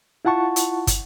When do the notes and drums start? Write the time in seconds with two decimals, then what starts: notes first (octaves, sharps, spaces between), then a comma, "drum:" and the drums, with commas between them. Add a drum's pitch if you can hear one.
0.25 E4 F4 F#5 A5 C#6
0.56 drum: hi-hat
0.87 drum: kick, hi-hat